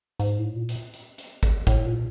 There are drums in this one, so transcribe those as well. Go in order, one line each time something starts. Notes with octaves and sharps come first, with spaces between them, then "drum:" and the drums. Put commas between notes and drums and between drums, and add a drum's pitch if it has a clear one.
G#2, drum: hi-hat
A2
A#2
drum: hi-hat
drum: hi-hat
drum: hi-hat
drum: kick, hi-hat
A2, drum: kick, hi-hat
A#2